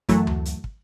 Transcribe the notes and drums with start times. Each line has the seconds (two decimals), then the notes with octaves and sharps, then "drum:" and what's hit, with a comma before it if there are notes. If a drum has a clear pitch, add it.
0.09 F#2 E3 F#3 A3, drum: kick, hi-hat
0.27 drum: tom D2
0.45 drum: hi-hat
0.64 drum: kick